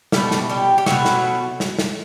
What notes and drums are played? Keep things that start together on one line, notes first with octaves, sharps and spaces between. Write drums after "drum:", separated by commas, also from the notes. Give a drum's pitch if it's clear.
B2 G3 A3 A4, drum: snare
drum: snare
G3 G4
G4
B2 F#3 A3 F#4, drum: snare
drum: snare
drum: snare
drum: snare